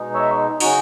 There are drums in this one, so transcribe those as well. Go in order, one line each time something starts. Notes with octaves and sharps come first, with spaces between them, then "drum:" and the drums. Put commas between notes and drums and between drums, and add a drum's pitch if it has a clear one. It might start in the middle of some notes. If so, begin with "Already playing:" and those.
Already playing: B2 G#3 D#4
C#5 E5
C#3 F#3 C#4 D#4 F#4, drum: open hi-hat